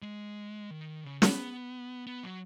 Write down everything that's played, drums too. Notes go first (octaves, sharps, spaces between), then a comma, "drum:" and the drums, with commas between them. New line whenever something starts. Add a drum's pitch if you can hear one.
G#3
D#3
C#3
B3, drum: snare
B3
F#3